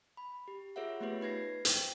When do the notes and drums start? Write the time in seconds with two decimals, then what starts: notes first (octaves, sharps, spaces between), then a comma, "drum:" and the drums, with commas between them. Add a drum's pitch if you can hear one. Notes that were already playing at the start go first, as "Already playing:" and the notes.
0.17 B5
0.48 G4
0.76 F4 G#4 A#4 C#5 E5 F#5
1.00 A3 B3 F4 G4 B4 C#5
1.21 D#4 B4 G#6 A#6 C7
1.65 C5 G5, drum: hi-hat